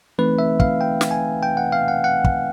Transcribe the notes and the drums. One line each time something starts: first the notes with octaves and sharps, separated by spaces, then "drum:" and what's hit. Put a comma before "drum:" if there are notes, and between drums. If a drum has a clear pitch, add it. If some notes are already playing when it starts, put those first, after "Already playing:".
E3 A3 C4 D#4 B4
E5
F5, drum: kick
G5
drum: snare
G#5
G5
F#5
F5
F#5
F#5
drum: kick